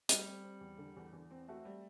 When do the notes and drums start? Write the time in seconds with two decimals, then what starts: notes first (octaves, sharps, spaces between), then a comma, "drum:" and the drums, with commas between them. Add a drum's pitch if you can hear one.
0.09 G3 A3, drum: hi-hat
0.27 C4
0.43 C4
0.61 E2
0.78 D3
0.97 E2
1.13 E2
1.31 C4
1.48 A3 F#4
1.65 G3